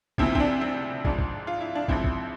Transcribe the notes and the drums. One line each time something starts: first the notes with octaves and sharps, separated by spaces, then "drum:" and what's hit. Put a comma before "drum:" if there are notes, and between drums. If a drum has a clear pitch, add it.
D2 C3 F3 C4 E4, drum: kick
C4, drum: kick
D4
C4
G#1 G#2 F3 D4, drum: kick
drum: kick
F4
E4
D4
A1 G#2 F3 C4 E4, drum: kick
drum: kick